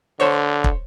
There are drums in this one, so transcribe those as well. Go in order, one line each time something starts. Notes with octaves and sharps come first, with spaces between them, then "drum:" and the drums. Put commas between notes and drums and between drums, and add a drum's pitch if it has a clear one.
D3 C5 C#5
drum: kick